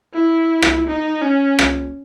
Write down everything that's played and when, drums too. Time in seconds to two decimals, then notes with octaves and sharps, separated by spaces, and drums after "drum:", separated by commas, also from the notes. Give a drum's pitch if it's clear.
0.14 E4
0.62 drum: rim click
0.87 D#4
1.22 C#4
1.59 drum: rim click